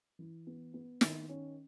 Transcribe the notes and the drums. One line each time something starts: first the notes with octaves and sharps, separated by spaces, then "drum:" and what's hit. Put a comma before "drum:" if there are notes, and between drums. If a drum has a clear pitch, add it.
E3
B3
B3
D#3, drum: snare
C#4